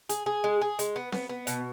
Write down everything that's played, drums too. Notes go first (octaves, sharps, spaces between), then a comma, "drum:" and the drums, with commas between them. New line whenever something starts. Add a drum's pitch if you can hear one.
G#4, drum: hi-hat
G#4
G#3
G#4
G#3, drum: hi-hat
B3
B3, drum: snare C4
B3
B2, drum: hi-hat